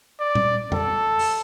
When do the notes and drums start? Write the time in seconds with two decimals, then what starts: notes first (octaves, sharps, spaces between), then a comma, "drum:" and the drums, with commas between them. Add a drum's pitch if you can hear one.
0.20 D5
0.35 drum: tom A#2
0.72 A4, drum: tom F2
1.19 drum: open hi-hat